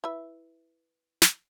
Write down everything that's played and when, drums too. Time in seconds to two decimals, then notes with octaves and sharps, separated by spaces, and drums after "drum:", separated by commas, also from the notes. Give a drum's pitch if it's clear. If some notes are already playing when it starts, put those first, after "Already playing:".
0.04 E4 B4 E5
1.22 drum: snare